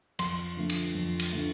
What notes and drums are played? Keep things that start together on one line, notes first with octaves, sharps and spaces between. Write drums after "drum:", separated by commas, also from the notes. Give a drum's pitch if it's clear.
F2 C6, drum: cymbal
D3 F3 A3
drum: cymbal
F2
drum: cymbal
D3 F3 A3